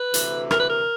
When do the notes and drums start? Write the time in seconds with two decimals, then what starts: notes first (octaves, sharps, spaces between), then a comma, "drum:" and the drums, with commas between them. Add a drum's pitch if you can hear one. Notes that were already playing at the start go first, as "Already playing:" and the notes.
Already playing: B4
0.14 D2 C3 E3, drum: hi-hat
0.51 A#4, drum: rim click
0.59 B4
0.69 A#4